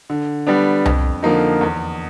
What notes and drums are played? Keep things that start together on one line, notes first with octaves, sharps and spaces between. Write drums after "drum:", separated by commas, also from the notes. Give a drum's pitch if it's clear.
D3
G3 B3 D4
F2, drum: tom C2
D3 F3 A#3 D#4
E2